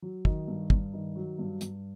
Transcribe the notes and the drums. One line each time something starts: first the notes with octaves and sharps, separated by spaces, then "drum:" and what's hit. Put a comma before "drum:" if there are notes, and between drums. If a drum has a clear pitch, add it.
F#3
D#3, drum: kick
G2
G2, drum: kick
D#3
F#3
G2
G2, drum: hi-hat